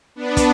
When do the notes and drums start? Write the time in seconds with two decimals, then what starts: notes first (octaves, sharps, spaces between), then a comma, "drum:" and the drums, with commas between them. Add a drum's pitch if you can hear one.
0.16 B3 D4
0.37 drum: kick, hi-hat